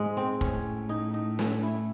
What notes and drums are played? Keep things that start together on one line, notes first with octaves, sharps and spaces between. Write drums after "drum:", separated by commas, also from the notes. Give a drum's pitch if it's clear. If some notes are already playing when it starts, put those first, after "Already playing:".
Already playing: G#2 G#3
C4
A2 C#4, drum: kick
D#4
D#4
C#4, drum: snare
E4